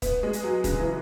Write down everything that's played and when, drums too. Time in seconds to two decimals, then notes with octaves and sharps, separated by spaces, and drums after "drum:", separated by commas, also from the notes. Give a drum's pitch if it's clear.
0.02 B3, drum: kick D#1, hi-hat
0.23 G#3
0.33 drum: hi-hat
0.43 F#3
0.64 C#3, drum: kick D#1, hi-hat
0.80 E3